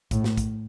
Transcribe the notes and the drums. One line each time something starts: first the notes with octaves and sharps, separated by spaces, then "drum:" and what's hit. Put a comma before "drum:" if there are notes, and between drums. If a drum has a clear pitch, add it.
A2, drum: kick, hi-hat
drum: snare
drum: kick, hi-hat